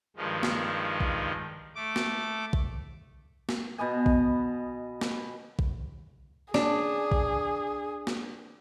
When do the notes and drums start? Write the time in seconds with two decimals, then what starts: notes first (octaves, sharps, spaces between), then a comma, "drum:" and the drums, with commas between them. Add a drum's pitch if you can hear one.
0.17 G2 D#3 F3 G#3
0.43 drum: snare
1.00 drum: kick A#1
1.75 A3 D6
1.96 drum: snare
2.53 drum: kick A#1
3.49 drum: snare
3.78 B2 B3 D#5 G#5
4.06 drum: kick A#1
5.01 drum: snare
5.59 drum: kick A#1
6.54 D4 G#4, drum: snare
7.12 drum: kick A#1
8.07 drum: snare